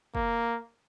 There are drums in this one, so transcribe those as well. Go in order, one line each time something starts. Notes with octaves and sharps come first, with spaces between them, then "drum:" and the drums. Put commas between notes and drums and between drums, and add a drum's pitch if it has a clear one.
A#3, drum: kick